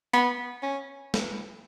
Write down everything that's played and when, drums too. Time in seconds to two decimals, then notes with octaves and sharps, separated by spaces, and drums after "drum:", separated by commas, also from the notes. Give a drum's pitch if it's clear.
0.14 B3, drum: hi-hat
0.63 C#4
1.14 drum: snare